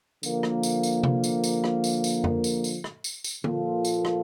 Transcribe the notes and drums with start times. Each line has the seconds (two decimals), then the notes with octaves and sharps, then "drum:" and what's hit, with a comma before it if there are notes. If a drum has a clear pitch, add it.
0.23 D3 F3 A#3, drum: tambourine
0.43 drum: rim click
0.63 drum: tambourine
0.83 drum: tambourine
1.03 drum: tom C3
1.24 drum: tambourine
1.44 drum: tambourine
1.64 drum: rim click
1.84 drum: tambourine
2.04 drum: tambourine
2.24 drum: tom F2
2.44 drum: tambourine
2.64 drum: tambourine
2.84 drum: rim click
3.04 drum: tambourine
3.24 drum: tambourine
3.44 A#2 F3 A#3 F4 A4, drum: tom D3
3.85 drum: tambourine
4.05 drum: rim click